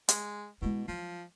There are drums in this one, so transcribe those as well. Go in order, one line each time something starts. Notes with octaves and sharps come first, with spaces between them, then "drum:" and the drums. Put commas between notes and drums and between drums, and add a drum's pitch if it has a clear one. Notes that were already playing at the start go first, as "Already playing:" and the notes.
G#3, drum: hi-hat
B2 G#3 E4
F3 F#3